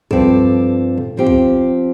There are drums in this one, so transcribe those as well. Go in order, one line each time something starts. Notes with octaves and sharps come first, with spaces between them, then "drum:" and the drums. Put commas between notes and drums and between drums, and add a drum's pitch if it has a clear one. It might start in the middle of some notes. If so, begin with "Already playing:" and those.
G2 F3 C4 A4 D5, drum: kick
drum: tom A2
F3 C4 G4
drum: kick